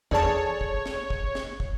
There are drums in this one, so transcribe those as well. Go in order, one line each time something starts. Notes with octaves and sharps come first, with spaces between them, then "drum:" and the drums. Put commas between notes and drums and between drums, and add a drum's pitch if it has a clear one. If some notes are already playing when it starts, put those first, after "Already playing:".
E2 G#4 A4 C#5 D5 A5, drum: kick
drum: kick
drum: snare
drum: kick
drum: snare
drum: kick